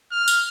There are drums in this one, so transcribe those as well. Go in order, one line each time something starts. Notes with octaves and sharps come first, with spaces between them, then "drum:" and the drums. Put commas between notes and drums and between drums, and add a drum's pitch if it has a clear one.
F6
drum: tambourine